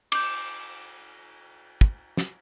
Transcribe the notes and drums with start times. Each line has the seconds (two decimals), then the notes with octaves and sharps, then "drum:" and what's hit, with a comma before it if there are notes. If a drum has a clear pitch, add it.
0.12 D6 G6, drum: cymbal
1.81 drum: kick
2.17 drum: snare